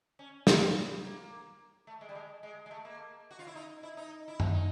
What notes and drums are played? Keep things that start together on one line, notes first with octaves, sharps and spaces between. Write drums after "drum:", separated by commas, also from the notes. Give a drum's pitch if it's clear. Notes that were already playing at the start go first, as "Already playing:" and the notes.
C#4
C4, drum: snare
B3
B3
A#3
A3
G#3
G3
G#3
G#3
G#3
A3
A#3
F#4
F4
E4
D#4
E4
D#4
E4
D#4, drum: tom
D#4